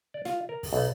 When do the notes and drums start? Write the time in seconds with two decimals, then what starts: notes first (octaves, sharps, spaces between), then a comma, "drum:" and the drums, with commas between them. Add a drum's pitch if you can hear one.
0.14 D5
0.25 F4, drum: snare
0.49 A#4
0.63 drum: kick, open hi-hat
0.73 B1